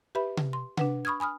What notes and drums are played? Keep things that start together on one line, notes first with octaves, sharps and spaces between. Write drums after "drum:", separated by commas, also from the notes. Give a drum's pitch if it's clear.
G4 B4 E5 B5
drum: tom C3
C6
D4 B4 F#5, drum: tom C3
B5 C#6 D#6 F6 G#6
G#5 B5 D#6 F6